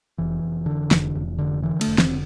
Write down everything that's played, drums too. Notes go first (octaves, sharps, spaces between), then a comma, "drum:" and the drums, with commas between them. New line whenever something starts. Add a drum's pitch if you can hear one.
F1 E3
F1
D3
F1, drum: snare
F1
D3
D3 E3
A3, drum: cymbal
F1
C4, drum: snare
D3